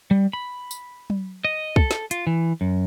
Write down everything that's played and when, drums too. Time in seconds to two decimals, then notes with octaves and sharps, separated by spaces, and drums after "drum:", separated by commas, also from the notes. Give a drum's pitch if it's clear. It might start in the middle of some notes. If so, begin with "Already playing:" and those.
0.11 G3
0.33 B5
0.71 drum: tambourine
1.10 drum: tom F#3
1.45 D#5
1.76 A4, drum: kick
1.91 drum: snare
2.11 F4, drum: hi-hat
2.27 E3
2.61 F#2